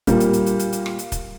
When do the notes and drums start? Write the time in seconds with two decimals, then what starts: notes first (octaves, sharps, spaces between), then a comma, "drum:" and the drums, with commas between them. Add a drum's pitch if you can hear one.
0.07 A#2 G3 A#3, drum: kick, hi-hat
0.20 drum: hi-hat
0.33 drum: hi-hat
0.47 drum: hi-hat
0.60 drum: hi-hat
0.73 drum: hi-hat
0.86 drum: rim click
0.99 drum: hi-hat
1.12 drum: kick, hi-hat